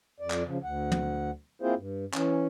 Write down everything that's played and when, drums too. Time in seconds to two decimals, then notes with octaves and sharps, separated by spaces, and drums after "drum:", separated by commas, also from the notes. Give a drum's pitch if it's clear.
0.20 F2 D5
0.30 drum: clap
0.46 C#3 F3
0.64 D2 F#5
0.92 drum: tom
1.62 A#3 C4 E4 F4 G#4 C5
1.77 G2
2.14 E3 C#4, drum: clap